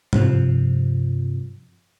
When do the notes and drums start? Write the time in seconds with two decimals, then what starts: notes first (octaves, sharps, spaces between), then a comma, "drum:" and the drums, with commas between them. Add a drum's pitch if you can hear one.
0.13 G2 C3 F3, drum: tom G#2